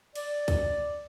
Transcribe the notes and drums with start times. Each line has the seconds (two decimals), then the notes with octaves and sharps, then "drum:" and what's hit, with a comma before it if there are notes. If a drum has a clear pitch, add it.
0.15 D5, drum: cymbal
0.48 drum: kick, cymbal